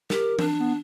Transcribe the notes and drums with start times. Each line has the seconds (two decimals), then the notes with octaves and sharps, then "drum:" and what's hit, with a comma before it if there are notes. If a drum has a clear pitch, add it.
0.10 G4 A#4, drum: snare
0.39 D4, drum: tom E3
0.60 B3